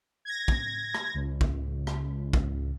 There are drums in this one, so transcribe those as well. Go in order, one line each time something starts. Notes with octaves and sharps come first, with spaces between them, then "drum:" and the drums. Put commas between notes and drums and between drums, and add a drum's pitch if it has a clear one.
G#6 A#6
drum: kick
drum: rim click
C#2
drum: kick
drum: rim click
drum: kick